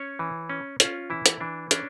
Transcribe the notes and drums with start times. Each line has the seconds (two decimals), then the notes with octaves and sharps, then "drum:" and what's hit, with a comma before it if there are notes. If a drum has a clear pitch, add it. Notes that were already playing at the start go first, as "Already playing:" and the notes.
Already playing: C#4 C#5
0.19 E3
0.49 C#4
0.80 C#4 F4, drum: hi-hat
1.10 E3 E4
1.26 drum: hi-hat
1.40 E3 D4
1.71 C#4 D4, drum: hi-hat